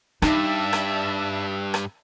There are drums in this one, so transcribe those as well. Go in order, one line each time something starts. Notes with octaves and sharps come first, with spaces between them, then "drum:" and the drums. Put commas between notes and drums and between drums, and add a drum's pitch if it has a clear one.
G2 D#4 D5 E5 A5, drum: rim click
drum: rim click
drum: rim click